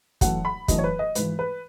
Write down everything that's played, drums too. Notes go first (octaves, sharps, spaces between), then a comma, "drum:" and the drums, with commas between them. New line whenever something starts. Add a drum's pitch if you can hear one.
F#2 E3 A3 F#5, drum: kick, hi-hat
B5
F#2 E3 A3 D#5, drum: kick, hi-hat
C#5
B4
D#5
G#1 G#2 E3 B4, drum: hi-hat
B4